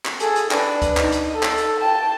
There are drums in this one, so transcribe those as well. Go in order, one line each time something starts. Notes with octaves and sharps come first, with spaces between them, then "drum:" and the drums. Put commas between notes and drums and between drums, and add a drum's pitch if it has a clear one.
drum: clap
G#4 A4, drum: hi-hat
drum: hi-hat
D4 B4, drum: clap
drum: kick D2, hi-hat
D#4, drum: clap
drum: hi-hat
A4
drum: clap
drum: hi-hat
G5 A5